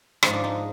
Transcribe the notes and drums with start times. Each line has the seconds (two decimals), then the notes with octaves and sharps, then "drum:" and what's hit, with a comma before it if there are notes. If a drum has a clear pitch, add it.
0.23 G#2 F3 G#3 D#4, drum: rim click
0.33 D4
0.44 D#4